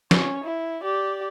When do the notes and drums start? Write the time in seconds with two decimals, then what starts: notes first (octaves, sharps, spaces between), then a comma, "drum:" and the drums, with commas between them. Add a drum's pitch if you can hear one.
0.11 C#4 C#5, drum: snare
0.44 E4
0.82 G4 D5